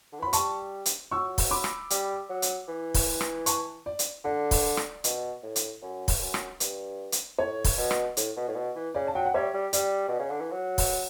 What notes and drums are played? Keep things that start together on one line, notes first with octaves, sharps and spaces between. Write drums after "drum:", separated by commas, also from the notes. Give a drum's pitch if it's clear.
D3
E3
F#3 B5
G3 A5 C#6, drum: hi-hat
drum: hi-hat
F#3 C#6 E6
drum: kick, open hi-hat
B5 D6
drum: rim click
G3, drum: hi-hat
F#3
drum: hi-hat
E3
drum: kick, open hi-hat
drum: rim click
A5 C#6, drum: hi-hat
D5
drum: hi-hat
D3 D5
drum: kick, open hi-hat
drum: rim click
B2, drum: hi-hat
A2
drum: hi-hat
F#2
drum: kick, open hi-hat
F#2
drum: rim click
G2, drum: hi-hat
drum: hi-hat
A2 C#5
drum: kick, open hi-hat
B2
drum: rim click
A2, drum: hi-hat
B2
A2
B2
E3
C#3 D5
A5
F#3 G5
F#5
G3 C#5 E5
G3
G3 D5, drum: hi-hat
B2
C#3
D3
E3
F#3
drum: kick, open hi-hat